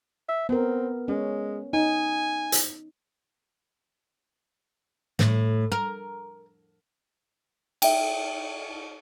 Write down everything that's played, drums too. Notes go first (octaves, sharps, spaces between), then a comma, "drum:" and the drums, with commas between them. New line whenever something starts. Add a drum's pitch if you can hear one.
E5
B3 C4 A#4
G#3 C#4
D#4 G#5
drum: hi-hat
A2, drum: snare
A#4
E5 G5, drum: cymbal